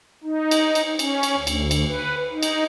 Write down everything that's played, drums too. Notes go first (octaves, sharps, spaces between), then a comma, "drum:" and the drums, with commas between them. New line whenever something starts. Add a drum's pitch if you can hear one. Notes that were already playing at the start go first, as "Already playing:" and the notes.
D#4
drum: cymbal
drum: cymbal
C#4, drum: cymbal
drum: cymbal
D2
drum: cymbal
drum: cymbal
B4
D#4
drum: cymbal